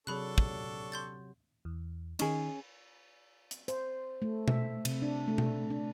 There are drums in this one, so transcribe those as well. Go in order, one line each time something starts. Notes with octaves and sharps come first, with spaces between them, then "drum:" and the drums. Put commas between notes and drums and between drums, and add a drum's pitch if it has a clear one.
C3 F#3 D4 G#4 A4 B5 C#6 F#6
drum: kick
C6 G6 A6
E2
D#3 C#4 D#4 G#4, drum: cymbal
drum: hi-hat
C5, drum: hi-hat
A3
E5, drum: tom B2
C3, drum: cymbal
D4
A3
drum: tom B2
D4